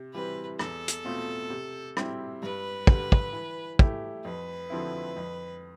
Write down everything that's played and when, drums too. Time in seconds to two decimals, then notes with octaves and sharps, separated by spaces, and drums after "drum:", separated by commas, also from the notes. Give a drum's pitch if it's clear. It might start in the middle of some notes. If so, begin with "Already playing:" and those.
Already playing: C3
0.13 E3 G3 C4 B4
0.59 E2 A4, drum: rim click
0.88 drum: hi-hat
1.05 B2 A3 C4 F4
1.50 C3
1.97 G3 C4 E4 G4, drum: rim click
2.42 G2 B4
2.87 D3 G3, drum: kick
3.12 drum: kick
3.33 E3
3.79 A3 E4 G4, drum: kick
4.25 F2 B4
4.70 D3 F3 C4 E4
5.16 F2